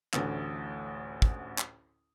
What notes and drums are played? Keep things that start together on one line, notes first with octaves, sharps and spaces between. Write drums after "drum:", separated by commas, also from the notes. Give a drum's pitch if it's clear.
A1 D2 A2, drum: clap
drum: kick
drum: clap